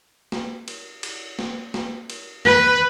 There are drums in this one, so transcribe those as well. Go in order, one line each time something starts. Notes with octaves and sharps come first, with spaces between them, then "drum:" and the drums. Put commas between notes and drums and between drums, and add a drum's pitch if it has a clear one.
drum: snare A#3
drum: cymbal
drum: cymbal
drum: snare A#3
drum: snare A#3
drum: cymbal
B4, drum: snare A#3